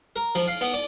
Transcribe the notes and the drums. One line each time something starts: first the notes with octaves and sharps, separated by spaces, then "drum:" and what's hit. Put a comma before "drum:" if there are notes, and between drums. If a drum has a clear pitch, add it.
A#4
F3, drum: cymbal
F5
B3, drum: cymbal
D5